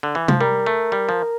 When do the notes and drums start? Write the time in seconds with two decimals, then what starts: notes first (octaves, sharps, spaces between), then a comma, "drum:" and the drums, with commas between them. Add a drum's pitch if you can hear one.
0.03 D3
0.15 E3
0.28 F3, drum: tom C3
0.40 G3 A#4
0.66 A3
0.92 G3
1.09 F3